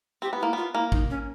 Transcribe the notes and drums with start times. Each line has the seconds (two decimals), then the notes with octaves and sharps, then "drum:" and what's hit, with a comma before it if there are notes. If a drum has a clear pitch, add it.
0.22 C4 G4
0.33 B3
0.40 E4
0.43 A#3
0.53 B3 F4
0.75 A#3 E4
0.92 D#4, drum: kick
1.10 C#4